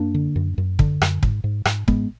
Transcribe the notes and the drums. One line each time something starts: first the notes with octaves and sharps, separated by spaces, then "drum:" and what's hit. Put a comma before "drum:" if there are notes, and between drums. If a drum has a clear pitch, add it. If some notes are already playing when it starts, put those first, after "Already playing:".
Already playing: F#2 A#3 D4
D3
F#2
F#2
D3, drum: kick
F#2, drum: rim click
G#2, drum: kick
G#2
G#2, drum: rim click
G#2 G#3 B3, drum: kick